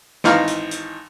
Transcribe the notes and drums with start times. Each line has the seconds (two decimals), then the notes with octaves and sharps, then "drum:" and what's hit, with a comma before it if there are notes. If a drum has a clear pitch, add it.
0.24 G#1 E3 D#4 F5 A#5, drum: snare
0.48 drum: hi-hat
0.71 drum: hi-hat